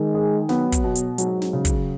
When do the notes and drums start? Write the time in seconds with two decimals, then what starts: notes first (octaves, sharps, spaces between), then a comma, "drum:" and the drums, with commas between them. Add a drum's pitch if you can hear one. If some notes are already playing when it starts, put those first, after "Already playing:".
Already playing: D#3 G#3
0.15 G#4
0.49 F#3 B3, drum: snare
0.72 drum: kick, hi-hat
0.84 B2
0.95 drum: hi-hat
1.18 G#2 F#3, drum: hi-hat
1.42 drum: snare
1.53 C#3
1.65 drum: kick, hi-hat